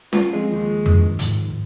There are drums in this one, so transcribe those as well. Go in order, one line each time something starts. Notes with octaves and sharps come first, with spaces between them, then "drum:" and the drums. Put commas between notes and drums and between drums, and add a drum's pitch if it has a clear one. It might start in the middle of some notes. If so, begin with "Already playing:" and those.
F4, drum: snare C#4
F3 G#3 C4
D#2 F3
G2, drum: tom F2
G#2, drum: hi-hat